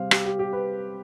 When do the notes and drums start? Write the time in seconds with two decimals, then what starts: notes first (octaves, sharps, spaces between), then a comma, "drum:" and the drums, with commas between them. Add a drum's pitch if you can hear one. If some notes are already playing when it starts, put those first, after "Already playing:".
Already playing: C3 G3 C4 C5 F5
0.11 G4, drum: rim click
0.25 G4
0.39 G4
0.53 B4